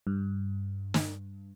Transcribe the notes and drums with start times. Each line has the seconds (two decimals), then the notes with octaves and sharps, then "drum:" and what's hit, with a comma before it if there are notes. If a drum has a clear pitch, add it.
0.07 G2
0.94 drum: snare